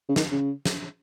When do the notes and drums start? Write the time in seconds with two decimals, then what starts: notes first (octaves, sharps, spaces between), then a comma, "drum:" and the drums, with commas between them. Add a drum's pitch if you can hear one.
0.09 C#3
0.16 D#3, drum: snare
0.31 C#3
0.65 drum: snare